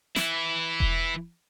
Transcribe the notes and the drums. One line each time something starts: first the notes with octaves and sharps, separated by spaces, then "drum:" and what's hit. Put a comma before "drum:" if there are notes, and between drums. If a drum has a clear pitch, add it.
E3 E4, drum: snare
drum: kick E1